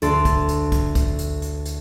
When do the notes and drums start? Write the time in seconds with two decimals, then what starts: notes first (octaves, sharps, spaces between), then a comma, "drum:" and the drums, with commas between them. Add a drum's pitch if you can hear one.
0.02 D2 A4 D5 C6, drum: hi-hat
0.25 drum: kick, hi-hat
0.49 drum: hi-hat
0.72 drum: kick, hi-hat
0.95 drum: kick, hi-hat
1.19 drum: hi-hat
1.42 drum: hi-hat
1.65 drum: hi-hat